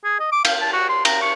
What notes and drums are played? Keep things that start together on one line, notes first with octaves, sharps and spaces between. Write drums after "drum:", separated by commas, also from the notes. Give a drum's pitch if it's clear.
G#4
D#5
D6
F5, drum: cymbal
A5
F#4
C6
A#5, drum: cymbal
C#6